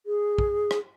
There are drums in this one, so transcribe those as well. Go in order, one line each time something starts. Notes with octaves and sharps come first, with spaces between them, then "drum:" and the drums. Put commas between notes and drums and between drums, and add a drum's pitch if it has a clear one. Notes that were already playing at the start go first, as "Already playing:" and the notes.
G#4
drum: kick
drum: rim click